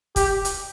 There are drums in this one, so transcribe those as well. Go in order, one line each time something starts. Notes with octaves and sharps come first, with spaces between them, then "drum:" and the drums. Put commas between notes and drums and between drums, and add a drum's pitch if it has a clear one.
G4, drum: kick, hi-hat
drum: hi-hat